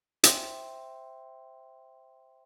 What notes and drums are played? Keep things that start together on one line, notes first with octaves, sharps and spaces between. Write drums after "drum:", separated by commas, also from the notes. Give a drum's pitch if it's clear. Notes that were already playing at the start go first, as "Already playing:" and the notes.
C5 E5 G5 C6, drum: hi-hat